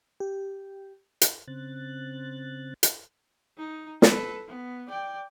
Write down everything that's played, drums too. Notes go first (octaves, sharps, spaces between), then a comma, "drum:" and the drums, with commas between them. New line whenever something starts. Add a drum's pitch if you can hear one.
G4
drum: hi-hat
C#3 C4 F#6 A6
drum: hi-hat
D#4
A4 B4, drum: snare
B3
D5 G5